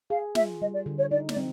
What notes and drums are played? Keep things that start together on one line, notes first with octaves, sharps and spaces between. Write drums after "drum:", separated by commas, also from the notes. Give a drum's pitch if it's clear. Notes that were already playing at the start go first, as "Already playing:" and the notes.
G#4 F5
F4 E5, drum: snare
G3 D#5
D5
D3
C#5
D#4 D5
D5, drum: snare
C4